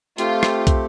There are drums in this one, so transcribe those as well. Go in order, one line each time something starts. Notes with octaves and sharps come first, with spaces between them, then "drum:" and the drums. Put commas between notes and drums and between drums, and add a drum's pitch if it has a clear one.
A3 C4 F4 G4, drum: hi-hat
drum: rim click
drum: kick, hi-hat